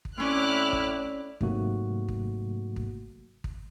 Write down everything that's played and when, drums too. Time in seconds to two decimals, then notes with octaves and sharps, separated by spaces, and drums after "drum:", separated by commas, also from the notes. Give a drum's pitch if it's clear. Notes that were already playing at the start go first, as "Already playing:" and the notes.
0.05 drum: kick
0.18 A2 C4 C#4 E4 D5 D6 F6 F#6
0.73 drum: kick
1.41 G#2 C3 F#3 A3 A#3 F#4, drum: kick
2.08 drum: kick
2.76 drum: kick
3.44 drum: kick